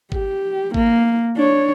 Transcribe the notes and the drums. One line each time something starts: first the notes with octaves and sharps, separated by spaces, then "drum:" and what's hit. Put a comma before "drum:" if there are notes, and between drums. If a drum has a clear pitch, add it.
G4, drum: kick G#1
A#3, drum: kick G#1
D4 C#5